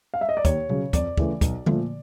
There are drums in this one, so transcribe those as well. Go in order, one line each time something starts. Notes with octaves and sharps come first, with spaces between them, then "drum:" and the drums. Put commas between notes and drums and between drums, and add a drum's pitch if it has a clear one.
F5
E5
D#5
D5
D#2 C#5, drum: kick, hi-hat
C#3 F#3, drum: tom B2
F2 D5, drum: kick, hi-hat
C#3 E3 A3, drum: kick
B1, drum: kick, hi-hat
A#2 F3 A3, drum: tom D3